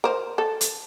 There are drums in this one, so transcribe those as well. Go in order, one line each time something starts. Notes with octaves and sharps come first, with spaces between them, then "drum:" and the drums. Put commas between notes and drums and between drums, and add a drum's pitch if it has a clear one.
A#4 C5
A4
drum: hi-hat